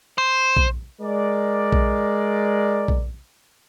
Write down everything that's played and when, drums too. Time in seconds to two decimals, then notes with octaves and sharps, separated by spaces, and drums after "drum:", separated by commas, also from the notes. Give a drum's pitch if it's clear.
0.18 C5
0.57 drum: kick A#1
1.01 G#3 A#4 D5
1.72 drum: kick A#1
2.88 drum: kick A#1